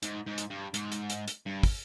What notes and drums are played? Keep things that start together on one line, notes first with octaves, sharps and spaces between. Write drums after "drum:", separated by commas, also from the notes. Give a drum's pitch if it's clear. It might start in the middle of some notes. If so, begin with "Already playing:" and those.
G#2, drum: hi-hat
G#2
drum: hi-hat
G2
G#2, drum: hi-hat
drum: hi-hat
drum: hi-hat
drum: hi-hat
G2
drum: kick, open hi-hat